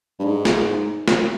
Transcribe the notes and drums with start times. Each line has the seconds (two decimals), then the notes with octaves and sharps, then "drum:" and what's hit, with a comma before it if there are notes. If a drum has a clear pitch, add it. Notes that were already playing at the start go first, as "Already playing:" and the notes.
0.19 G2
0.25 G#2
0.45 drum: snare
1.08 drum: snare